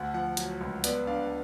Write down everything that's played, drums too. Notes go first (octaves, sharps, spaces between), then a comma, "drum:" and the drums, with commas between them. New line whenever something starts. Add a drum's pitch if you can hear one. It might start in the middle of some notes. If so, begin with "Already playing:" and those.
Already playing: D2 F#5
F3 F#5
F#3, drum: hi-hat
C#2
B3 D5, drum: hi-hat
D4 F5